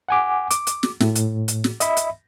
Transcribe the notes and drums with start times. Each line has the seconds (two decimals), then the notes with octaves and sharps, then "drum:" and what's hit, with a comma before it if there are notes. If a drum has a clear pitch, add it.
0.09 F#5 G#5 D6
0.50 D6, drum: hi-hat
0.67 drum: hi-hat
0.83 drum: snare
1.00 A2, drum: snare
1.15 drum: hi-hat
1.48 drum: hi-hat
1.64 drum: snare
1.80 D#5 E5 B5, drum: hi-hat
1.97 drum: hi-hat